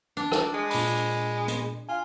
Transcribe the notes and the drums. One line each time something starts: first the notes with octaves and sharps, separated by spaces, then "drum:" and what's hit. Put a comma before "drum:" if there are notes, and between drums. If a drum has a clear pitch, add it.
D4
drum: rim click
G#3
A#2 B5, drum: open hi-hat
drum: hi-hat
F4 G#5